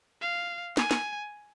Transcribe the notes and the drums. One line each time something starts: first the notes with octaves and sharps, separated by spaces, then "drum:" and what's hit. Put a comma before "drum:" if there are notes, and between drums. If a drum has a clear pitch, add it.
F5
G#5, drum: snare
drum: snare